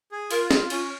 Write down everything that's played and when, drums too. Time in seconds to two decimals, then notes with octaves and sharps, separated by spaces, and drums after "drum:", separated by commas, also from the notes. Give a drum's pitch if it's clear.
0.12 G#4
0.31 F4 A#4, drum: cymbal
0.51 F4 G#4, drum: snare
0.70 C#4 F4, drum: cymbal